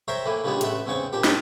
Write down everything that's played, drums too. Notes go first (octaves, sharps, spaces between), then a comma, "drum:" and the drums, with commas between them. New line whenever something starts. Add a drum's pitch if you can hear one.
A#4 C5 C#5 E5 G5 C6
A2 E3 A#3
A#2 C#3 G3 G#3 B3 D4
A1 A3 E5 F#5, drum: hi-hat
E2 G#2 C#3 C4 C#6
A#2 D4 G4
drum: snare